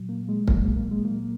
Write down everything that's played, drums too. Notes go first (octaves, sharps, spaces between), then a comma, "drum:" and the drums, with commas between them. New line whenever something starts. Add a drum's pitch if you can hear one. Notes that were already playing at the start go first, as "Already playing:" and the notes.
Already playing: A#2 F#3
A#3
G#3
A#2 F#3 A#3, drum: kick
G#3
A#3
G#3
A#2 F#3 A#3